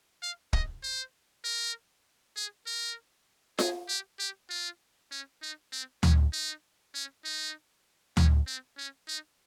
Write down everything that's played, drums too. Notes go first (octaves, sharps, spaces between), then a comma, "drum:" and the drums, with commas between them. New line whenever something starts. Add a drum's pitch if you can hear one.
F5
D#5, drum: kick
C5
A#4
G#4
A#4
G#4, drum: snare F4
G4
G4
F4
C#4
D#4
C4
C#4, drum: tom D2
D#4
C#4
D#4
C#4, drum: tom D2
C4
C#4
D#4